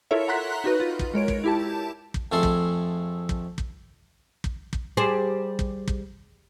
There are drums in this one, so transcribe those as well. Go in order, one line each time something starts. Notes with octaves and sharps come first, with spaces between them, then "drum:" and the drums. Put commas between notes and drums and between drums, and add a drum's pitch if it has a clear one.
E4 F4 A4 A#4 C#5 E5
F#5 A#5 C6 F#6 B6
D#4 F#4 B4
F4
drum: kick
G#3 A#4 C#5 D7
drum: kick
E4 G4 A5
drum: kick
F2 A3 G#4 A4 C6
drum: kick
drum: kick
drum: kick
drum: kick
drum: kick
G3 G#4 C5
drum: kick
drum: kick